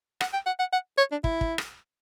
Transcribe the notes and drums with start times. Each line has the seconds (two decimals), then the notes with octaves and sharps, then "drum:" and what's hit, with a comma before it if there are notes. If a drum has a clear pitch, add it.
0.21 F#5, drum: rim click
0.33 G5
0.46 F#5
0.59 F#5
0.73 F#5
0.98 C#5
1.11 D4
1.24 E4, drum: kick
1.41 drum: kick
1.58 drum: rim click